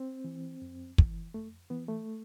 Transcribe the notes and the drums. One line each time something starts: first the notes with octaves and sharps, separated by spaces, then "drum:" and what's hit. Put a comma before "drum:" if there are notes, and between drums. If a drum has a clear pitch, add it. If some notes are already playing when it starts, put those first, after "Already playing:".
Already playing: C4
E3
F2
E3, drum: kick
F2 A3
E3 B3
A3